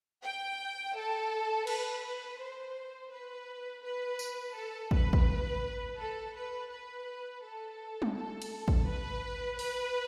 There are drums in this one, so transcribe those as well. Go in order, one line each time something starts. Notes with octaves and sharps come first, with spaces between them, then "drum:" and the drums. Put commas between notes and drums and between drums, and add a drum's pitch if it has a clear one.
G5
A4
B4, drum: cymbal
B4
C5
B4
B4
drum: tambourine
A4
B4, drum: kick
drum: kick
A4
B4
B4
A4
drum: tom G3
A4
drum: cymbal
drum: kick
B4
B4, drum: open hi-hat